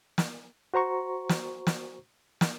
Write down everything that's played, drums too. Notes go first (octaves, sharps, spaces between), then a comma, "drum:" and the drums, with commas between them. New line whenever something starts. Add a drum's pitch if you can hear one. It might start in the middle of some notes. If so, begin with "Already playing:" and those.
drum: snare
F#4 C5 A#5 C#6
drum: snare
drum: snare
drum: snare